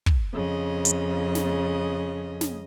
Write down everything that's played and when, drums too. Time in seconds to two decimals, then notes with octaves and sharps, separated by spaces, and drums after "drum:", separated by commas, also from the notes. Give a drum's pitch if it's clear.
0.06 drum: kick
0.33 F2 C#3 D#5
0.85 drum: hi-hat
1.35 drum: snare
2.41 drum: snare